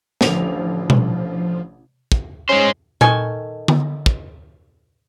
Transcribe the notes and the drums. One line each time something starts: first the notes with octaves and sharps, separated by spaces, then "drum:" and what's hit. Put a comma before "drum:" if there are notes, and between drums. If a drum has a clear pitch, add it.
A1 D3 F3 F7, drum: snare
drum: tom B2
drum: kick
G#3 C#4 C5
D#3 A4 G#5 C#6, drum: tom A#2
drum: tom D3
drum: kick